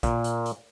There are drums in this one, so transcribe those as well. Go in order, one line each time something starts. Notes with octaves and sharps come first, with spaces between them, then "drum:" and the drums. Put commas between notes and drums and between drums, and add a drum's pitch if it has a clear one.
A#2, drum: kick A1, hi-hat
drum: hi-hat
drum: hi-hat